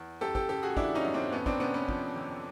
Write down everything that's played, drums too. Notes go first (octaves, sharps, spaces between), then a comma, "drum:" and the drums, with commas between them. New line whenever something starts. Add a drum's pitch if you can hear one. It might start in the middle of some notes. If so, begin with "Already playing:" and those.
Already playing: E2
F#2 G4 A4
G4 A4, drum: kick
C#3 G4 A4
F#4 G#4
E3 D4 E4, drum: kick
C#4 D#4
F#2, drum: tom
C4 D4
F2 B3 C#4
C4 D4, drum: kick
C3 B3 C#4
B3 C#4
F3, drum: kick
F2, drum: tom D#3